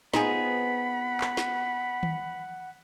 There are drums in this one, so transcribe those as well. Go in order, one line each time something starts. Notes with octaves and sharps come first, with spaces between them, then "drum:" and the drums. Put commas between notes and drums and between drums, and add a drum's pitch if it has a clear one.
B3 C4 D#4 F4 G#4 F#5 B5, drum: snare
drum: clap
drum: snare
drum: tom D#3